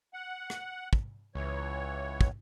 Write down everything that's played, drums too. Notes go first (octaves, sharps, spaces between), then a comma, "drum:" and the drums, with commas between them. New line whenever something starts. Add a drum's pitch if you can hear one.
F#5
drum: rim click
drum: kick
C#2 E3 C#5
drum: kick